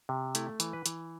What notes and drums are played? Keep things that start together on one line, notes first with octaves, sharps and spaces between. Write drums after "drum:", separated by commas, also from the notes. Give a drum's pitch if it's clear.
C3
A3 E4, drum: hi-hat
E3, drum: hi-hat
B4
E3, drum: hi-hat